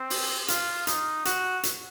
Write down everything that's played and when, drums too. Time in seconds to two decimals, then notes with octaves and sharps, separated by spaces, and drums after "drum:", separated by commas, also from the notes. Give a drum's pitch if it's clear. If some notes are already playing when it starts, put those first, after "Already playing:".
Already playing: C4
0.10 drum: open hi-hat
0.48 F4, drum: hi-hat
0.87 D#4, drum: hi-hat
1.25 F#4, drum: hi-hat
1.63 drum: hi-hat